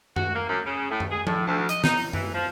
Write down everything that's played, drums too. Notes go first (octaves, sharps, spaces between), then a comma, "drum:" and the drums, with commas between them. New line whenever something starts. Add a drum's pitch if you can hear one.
F#4, drum: tom F#2
A#3
F#2
C#3
A2
drum: tom F#2
G#4
A2, drum: tom F3
D2
D#5, drum: hi-hat
D#4, drum: snare
drum: open hi-hat
E3, drum: tom F#2
F3